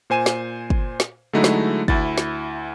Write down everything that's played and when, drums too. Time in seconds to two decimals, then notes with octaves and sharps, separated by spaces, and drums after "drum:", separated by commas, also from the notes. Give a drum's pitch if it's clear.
0.10 A#2 C5 G#5 D#7 E7
0.26 drum: snare
0.70 drum: kick
1.00 drum: snare
1.33 D3 F#3 G#3 A3 D#4 E4
1.44 drum: snare
1.88 D2 E4 A6, drum: kick
2.18 drum: snare